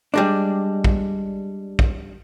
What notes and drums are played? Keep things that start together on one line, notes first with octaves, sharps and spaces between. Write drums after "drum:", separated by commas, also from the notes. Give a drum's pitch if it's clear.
G3 G#3 D4
drum: kick
drum: kick